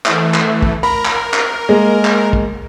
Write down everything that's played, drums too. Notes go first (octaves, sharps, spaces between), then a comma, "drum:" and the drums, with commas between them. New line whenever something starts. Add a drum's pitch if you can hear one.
E3 A3, drum: clap
drum: clap
drum: kick
A#4 B5
drum: clap
drum: clap
G#3 A#3
drum: clap
drum: kick